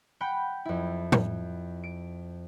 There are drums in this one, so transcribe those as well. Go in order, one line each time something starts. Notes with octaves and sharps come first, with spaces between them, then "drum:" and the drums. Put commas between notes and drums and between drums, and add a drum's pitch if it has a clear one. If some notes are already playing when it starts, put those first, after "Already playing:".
F#5 G5 B5 G6
F2 E4
drum: tom A2
D7